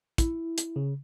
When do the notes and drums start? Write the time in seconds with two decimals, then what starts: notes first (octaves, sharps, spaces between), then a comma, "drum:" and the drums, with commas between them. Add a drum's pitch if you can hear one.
0.18 E4, drum: kick, hi-hat
0.58 drum: hi-hat
0.76 C#3